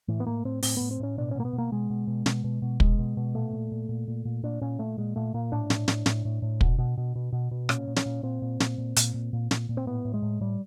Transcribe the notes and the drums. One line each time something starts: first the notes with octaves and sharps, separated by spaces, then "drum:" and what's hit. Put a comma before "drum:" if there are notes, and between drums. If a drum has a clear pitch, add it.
A2 E3
B3
A2 A#3
A2 C4
A2 C4, drum: open hi-hat
A2 B3
C4
A2 C#4
B2 D4
C#4
B2 A#3
B3
B2
A#3
B2 G#3
B2
B2
B2, drum: snare
B2
B2
B2 G#3, drum: kick
B2
B2
A#2 A3
A#2
A#2
A#2
A#2
A#2
A#2 D4
A#2 C#4
A#2 A3
A#2 G#3
A#2 A3
A#2 A#3
A2 D4
A2, drum: snare
A2, drum: snare
A2, drum: snare
A2
A2
B2, drum: kick
B2
B2
B2
B2
B2
A#2 C#4, drum: rim click
A#2
C#4, drum: snare
A#2
A#2 C4
A#2
A#2, drum: snare
A#2
A#2, drum: hi-hat
A#2
A#2
A#2, drum: snare
A#2
C4
A2 B3
A2
G#3
A2
A2 G3